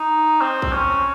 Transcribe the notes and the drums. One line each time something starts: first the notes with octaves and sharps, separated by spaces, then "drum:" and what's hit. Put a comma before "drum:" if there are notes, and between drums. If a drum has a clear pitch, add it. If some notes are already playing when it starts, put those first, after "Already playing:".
Already playing: D#4
C4
drum: kick A#1
C#4